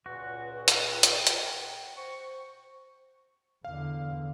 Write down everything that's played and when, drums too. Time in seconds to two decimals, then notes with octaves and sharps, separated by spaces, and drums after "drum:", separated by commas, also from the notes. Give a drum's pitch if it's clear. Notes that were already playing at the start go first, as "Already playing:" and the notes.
0.06 C#2 A#2 F#4 B4
0.68 G5, drum: hi-hat
1.03 drum: hi-hat
1.27 drum: hi-hat
1.96 C5 C#6
3.65 E2 D3 F5